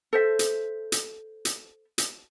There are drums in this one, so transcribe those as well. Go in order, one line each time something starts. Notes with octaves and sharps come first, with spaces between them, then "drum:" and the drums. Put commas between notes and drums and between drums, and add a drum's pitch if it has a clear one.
A4 C5 E5
drum: hi-hat
drum: hi-hat
drum: hi-hat
drum: hi-hat